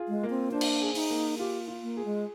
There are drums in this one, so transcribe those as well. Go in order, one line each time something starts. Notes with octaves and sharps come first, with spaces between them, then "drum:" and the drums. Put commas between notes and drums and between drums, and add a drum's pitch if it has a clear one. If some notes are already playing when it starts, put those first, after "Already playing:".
Already playing: F4 G#4
G#3
A#3
C4
D4 C5
drum: cymbal
G#4
D#4, drum: open hi-hat
A#3
F4 G4
F4
A#3
G#4
G#3